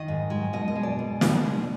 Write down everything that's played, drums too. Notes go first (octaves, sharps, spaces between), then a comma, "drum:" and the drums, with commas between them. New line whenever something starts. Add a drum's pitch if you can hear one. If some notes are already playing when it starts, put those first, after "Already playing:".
Already playing: D#3 D#5
G#2
G#3
B2 D#5
D#5
G#3
D5
B2
B2, drum: snare
G#3